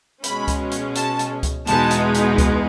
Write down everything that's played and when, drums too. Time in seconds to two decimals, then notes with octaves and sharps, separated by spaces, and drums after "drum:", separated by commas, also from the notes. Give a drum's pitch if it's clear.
0.24 B2 G#3 C#4 B5, drum: hi-hat
0.48 drum: kick C#2, hi-hat
0.71 drum: hi-hat
0.95 A5, drum: hi-hat
1.19 drum: hi-hat
1.43 drum: kick C#2, hi-hat
1.67 E2 B2 G#3 B3 D#4 A5, drum: hi-hat
1.91 drum: hi-hat
2.14 drum: hi-hat
2.38 drum: kick C#2, hi-hat